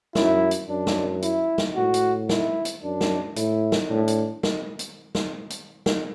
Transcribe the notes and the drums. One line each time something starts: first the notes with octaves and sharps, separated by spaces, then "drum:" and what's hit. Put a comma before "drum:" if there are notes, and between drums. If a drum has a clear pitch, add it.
F#2 E4, drum: snare
drum: hi-hat
F#2 D4
drum: snare
E4, drum: hi-hat
drum: snare
A2 F#4
drum: hi-hat
E4, drum: snare
drum: hi-hat
F#2 D4
drum: snare
A2 E4, drum: hi-hat
drum: snare
A2 D4
drum: hi-hat
drum: snare
drum: hi-hat
drum: snare
drum: hi-hat
drum: snare